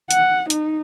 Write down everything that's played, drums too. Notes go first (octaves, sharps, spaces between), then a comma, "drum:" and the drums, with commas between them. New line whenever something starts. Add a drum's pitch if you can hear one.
F#5, drum: hi-hat
D#4, drum: hi-hat